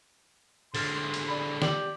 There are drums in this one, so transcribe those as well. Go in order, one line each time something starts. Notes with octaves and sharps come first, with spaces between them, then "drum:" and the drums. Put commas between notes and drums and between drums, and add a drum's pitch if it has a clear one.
D3 G#3 C6 F6 A6, drum: open hi-hat
drum: cymbal
D5 B5
G4 D5 D6 F#7, drum: snare